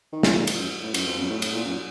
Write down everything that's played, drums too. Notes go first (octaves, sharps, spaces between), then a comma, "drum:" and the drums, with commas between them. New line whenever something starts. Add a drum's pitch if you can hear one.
D#3
C#3, drum: snare
A#2
drum: cymbal
F#2
A2
F#2, drum: cymbal
F2
F#2
A2
A2, drum: cymbal
A#2
F#2